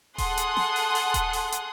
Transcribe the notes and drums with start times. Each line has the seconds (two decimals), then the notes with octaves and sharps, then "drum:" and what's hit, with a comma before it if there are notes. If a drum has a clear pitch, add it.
0.18 G#4 A4 F#5 C6 D#6 F#6, drum: kick D#1, open hi-hat
0.37 drum: hi-hat
0.57 drum: snare
0.76 drum: open hi-hat
0.95 drum: open hi-hat
1.14 drum: kick D#1, hi-hat
1.33 drum: open hi-hat
1.52 drum: hi-hat